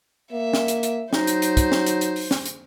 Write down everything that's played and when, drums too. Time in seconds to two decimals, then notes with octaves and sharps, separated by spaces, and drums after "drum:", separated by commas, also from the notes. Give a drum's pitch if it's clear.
0.32 A#3 E5
0.53 drum: snare
0.68 drum: hi-hat
0.83 drum: hi-hat
1.13 F#3 D#4 C5, drum: snare
1.27 drum: hi-hat
1.42 drum: hi-hat
1.57 drum: kick, hi-hat
1.72 drum: snare
1.86 drum: hi-hat
2.01 drum: hi-hat
2.16 drum: open hi-hat
2.31 drum: snare
2.46 drum: hi-hat